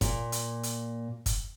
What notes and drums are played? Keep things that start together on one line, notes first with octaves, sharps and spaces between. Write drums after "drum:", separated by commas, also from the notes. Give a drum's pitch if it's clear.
A#2, drum: kick F#1, hi-hat
drum: hi-hat
drum: hi-hat
drum: kick F#1, hi-hat